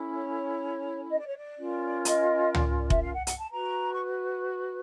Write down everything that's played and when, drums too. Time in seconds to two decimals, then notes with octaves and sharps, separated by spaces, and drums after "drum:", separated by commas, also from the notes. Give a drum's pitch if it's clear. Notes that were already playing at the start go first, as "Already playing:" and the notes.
Already playing: C#4 E4 A4
0.13 C#5
1.09 D#5
1.19 D5
1.27 C#5
1.37 D5
1.58 C#4 F4 A#4
2.05 D#5, drum: hi-hat
2.54 D5, drum: tom C#2
2.78 D5
2.90 E5, drum: kick F1
3.02 F5
3.14 F#5
3.27 F#5, drum: hi-hat
3.39 A5
3.51 F#4 B4 A#5
3.92 C#6